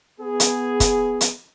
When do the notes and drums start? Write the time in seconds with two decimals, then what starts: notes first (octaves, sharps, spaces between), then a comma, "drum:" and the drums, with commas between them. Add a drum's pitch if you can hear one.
0.19 B3 G#4
0.40 drum: hi-hat
0.80 drum: kick, hi-hat
1.21 drum: hi-hat